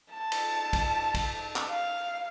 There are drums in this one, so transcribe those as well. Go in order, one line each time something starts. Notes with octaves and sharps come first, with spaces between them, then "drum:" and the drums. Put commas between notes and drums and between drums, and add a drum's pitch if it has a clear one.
A5
drum: cymbal
drum: kick, cymbal
drum: kick, cymbal
drum: clap
F5